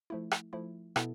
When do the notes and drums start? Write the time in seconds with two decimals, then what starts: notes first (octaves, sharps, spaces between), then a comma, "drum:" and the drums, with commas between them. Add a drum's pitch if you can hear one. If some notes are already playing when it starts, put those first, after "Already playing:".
0.10 F3 A3 E4
0.31 drum: rim click
0.53 F3 A3 E4
0.96 B2 B3 E4 A4, drum: rim click